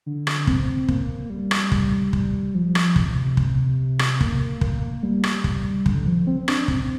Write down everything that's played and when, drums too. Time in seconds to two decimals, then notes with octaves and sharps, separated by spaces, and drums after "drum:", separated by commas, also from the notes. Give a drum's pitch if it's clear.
0.06 D3
0.27 drum: rim click
0.47 C4, drum: kick
0.88 A#3, drum: kick
1.30 G3
1.51 drum: rim click
1.72 drum: kick
2.13 drum: kick
2.55 F3
2.75 drum: rim click
2.96 C3, drum: kick
3.37 drum: kick
3.99 drum: rim click
4.21 A#3, drum: kick
4.61 A#3, drum: kick
5.03 G3
5.24 drum: rim click
5.44 drum: kick
5.86 D3, drum: kick
6.06 F3
6.27 C4
6.48 D4, drum: rim click
6.68 C4, drum: kick